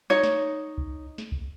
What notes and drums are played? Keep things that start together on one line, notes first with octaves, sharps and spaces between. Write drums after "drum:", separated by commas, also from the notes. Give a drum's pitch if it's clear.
D#4 C#5
drum: snare
drum: kick C2
drum: snare
drum: kick C2